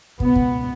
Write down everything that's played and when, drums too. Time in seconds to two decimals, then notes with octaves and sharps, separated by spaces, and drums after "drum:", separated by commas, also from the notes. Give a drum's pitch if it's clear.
0.20 C#2 B2 B3, drum: kick
0.35 drum: kick